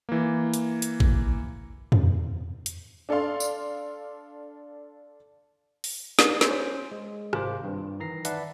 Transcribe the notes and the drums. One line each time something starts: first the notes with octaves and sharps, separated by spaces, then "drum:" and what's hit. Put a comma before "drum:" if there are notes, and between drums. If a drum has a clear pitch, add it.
E3 A#3
drum: hi-hat
drum: hi-hat
drum: kick G#1
drum: tom
drum: hi-hat
D4 A4 D5 F5 C6
drum: tambourine
drum: open hi-hat
drum: snare
C#4 C5, drum: snare
G#3
G#1 C3 F4 A#4 C5 D6, drum: rim click
G2
D#3 E3 A#5 A#6 C7
B4 D5 E5 F#5 A5, drum: hi-hat